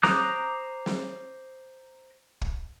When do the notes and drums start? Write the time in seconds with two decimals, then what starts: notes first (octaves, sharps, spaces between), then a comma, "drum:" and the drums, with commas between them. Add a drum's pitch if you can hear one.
0.03 C5 A#5 D6 D#6 F#6, drum: snare
0.86 drum: snare
2.41 drum: kick